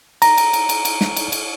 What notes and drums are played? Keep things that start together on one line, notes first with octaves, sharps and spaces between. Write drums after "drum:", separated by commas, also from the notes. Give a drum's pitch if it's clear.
A#5, drum: cymbal
drum: cymbal
drum: cymbal
drum: cymbal
drum: cymbal
drum: snare
drum: cymbal
drum: cymbal